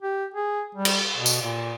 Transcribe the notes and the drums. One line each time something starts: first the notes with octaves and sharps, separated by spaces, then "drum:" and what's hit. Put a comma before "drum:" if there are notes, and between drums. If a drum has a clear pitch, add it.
G4
G#4
G3
drum: cymbal
B2
drum: tambourine
A#2